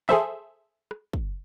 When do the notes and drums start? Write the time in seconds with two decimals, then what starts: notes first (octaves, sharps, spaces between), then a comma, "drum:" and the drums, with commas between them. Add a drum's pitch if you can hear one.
0.09 G#4 A4 C5 E5, drum: snare
0.91 drum: rim click
1.13 drum: kick